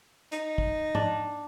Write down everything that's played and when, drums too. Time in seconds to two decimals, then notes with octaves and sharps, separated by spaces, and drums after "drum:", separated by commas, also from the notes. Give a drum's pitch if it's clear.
0.32 D#4, drum: hi-hat
0.58 drum: kick
0.95 D4, drum: tom G#2